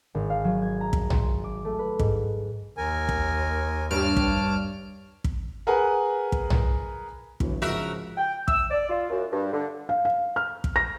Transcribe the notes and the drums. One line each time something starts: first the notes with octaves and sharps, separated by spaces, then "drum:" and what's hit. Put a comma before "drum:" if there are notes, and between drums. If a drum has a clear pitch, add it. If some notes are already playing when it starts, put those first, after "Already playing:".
G#1
F5
F#3
G#6
A#5
drum: kick
C6, drum: tom
D6
A3
B4
G#2, drum: kick
D#2 A#4 G#5
drum: kick
G2 D4 C#5 A5 F6 D7
drum: kick
drum: kick
G#4 A#4 B4 F#5 G#5
drum: kick
drum: tom
G1 E3 F#3, drum: kick
G#2 C#3 F3 F#4 A#4 E5
G5
E6, drum: kick
D5
F4
F#2
G2
D3
F5
F5
F6
drum: kick
A#6